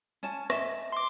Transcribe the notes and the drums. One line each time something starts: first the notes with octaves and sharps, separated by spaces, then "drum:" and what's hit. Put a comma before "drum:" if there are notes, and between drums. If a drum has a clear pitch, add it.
C#4 A5
D#5 E5, drum: rim click
C6 D6